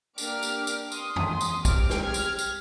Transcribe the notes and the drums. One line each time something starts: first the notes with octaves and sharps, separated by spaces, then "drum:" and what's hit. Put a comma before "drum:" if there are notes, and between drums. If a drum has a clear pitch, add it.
A#3 D4 G4 D6 F6, drum: tambourine
drum: tambourine
drum: tambourine
C6 D#6, drum: tambourine
drum: tom
C6 D#6
drum: tambourine
C4 G4 D6 F6, drum: kick, tambourine
drum: snare
F6 G#6
drum: tambourine
drum: tambourine